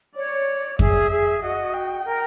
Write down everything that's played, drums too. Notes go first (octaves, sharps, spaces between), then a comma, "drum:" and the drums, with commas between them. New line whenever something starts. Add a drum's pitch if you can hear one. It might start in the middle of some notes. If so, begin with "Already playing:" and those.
C#5 D5
G#4 E5, drum: kick F2
G#4
F#4 D#5
G5
A#4